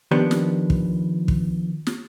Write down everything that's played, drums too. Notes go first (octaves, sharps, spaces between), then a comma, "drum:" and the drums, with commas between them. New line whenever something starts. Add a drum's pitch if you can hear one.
D#3 F3 B3 D4 G4 B4
drum: snare
drum: kick
drum: kick
drum: snare